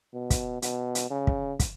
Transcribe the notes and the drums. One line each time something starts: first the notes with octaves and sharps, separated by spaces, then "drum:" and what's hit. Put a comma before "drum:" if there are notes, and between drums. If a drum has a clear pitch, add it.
B2
drum: kick, hi-hat
B2, drum: hi-hat
drum: hi-hat
C#3
drum: kick
drum: kick, hi-hat